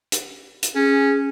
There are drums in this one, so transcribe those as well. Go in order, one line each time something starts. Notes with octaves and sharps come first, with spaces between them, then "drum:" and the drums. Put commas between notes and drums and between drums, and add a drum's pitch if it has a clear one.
drum: hi-hat
drum: hi-hat
C#4 G#4